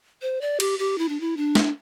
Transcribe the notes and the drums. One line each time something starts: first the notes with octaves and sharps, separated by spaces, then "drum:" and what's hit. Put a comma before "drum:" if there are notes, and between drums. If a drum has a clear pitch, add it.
C5
D5
G4, drum: cymbal
G4
E4
D4
E4
D4
drum: snare